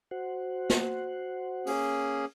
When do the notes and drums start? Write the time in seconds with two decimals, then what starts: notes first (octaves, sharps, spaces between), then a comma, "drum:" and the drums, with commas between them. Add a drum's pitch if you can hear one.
0.11 F#4 C5 F#5
0.70 drum: snare
1.66 A#3 C#4 G#4, drum: open hi-hat